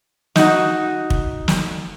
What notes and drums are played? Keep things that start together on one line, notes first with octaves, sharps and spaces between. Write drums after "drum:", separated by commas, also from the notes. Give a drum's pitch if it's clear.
D#4 F#4, drum: snare
drum: kick
drum: snare